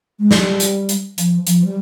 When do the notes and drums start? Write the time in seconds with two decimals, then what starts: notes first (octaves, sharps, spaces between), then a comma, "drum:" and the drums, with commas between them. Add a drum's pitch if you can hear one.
0.19 G#3
0.31 G3, drum: snare
0.60 drum: hi-hat
0.89 drum: hi-hat
1.18 F3, drum: hi-hat
1.47 F3, drum: hi-hat
1.65 G3